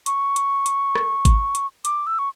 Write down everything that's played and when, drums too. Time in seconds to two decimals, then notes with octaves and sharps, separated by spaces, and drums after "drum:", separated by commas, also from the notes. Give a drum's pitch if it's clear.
0.06 C#6, drum: hi-hat
0.36 drum: hi-hat
0.66 drum: hi-hat
0.95 drum: rim click
1.25 drum: kick G#1, hi-hat
1.55 drum: hi-hat
1.85 D6, drum: hi-hat
2.07 E6
2.19 C#6